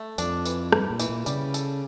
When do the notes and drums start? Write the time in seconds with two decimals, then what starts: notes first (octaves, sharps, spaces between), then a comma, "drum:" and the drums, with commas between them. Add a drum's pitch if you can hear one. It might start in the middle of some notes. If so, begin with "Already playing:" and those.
Already playing: A3
0.18 F2 D4, drum: tambourine
0.45 E3, drum: tambourine
0.72 G2 E3, drum: rim click
0.90 A#2
0.99 E3, drum: tambourine
1.09 A#2
1.26 C#3 G3, drum: tambourine
1.54 A4, drum: tambourine